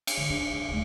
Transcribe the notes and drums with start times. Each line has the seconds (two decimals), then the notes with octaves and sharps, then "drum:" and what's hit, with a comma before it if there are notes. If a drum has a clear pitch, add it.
0.07 drum: cymbal
0.17 D3 D#3
0.30 D4
0.53 D#3
0.69 D1 A3